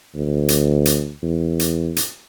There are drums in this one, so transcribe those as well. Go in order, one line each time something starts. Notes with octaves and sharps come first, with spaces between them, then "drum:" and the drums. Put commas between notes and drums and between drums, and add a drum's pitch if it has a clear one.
D2
drum: hi-hat
drum: hi-hat
E2
drum: hi-hat
drum: hi-hat